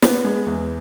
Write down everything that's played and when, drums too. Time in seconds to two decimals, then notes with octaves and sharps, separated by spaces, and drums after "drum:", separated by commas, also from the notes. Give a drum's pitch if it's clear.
0.02 B3, drum: snare
0.25 G#3
0.46 E2